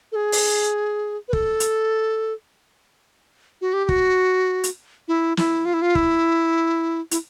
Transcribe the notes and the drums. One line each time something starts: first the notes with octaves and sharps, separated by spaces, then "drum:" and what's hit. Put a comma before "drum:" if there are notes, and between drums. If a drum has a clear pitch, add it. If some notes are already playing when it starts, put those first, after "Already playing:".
A4
G#4
drum: open hi-hat
B4
A4, drum: kick
drum: hi-hat
F#4
G4
G4
F#4, drum: kick
drum: hi-hat
E4
E4, drum: snare
F4
E4
F4
E4, drum: kick
E4, drum: hi-hat